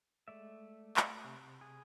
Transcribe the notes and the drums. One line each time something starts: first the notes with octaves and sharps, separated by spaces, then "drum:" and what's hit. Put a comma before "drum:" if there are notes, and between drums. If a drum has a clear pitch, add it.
G#3 A3 D5 E5
drum: clap
C3
G#4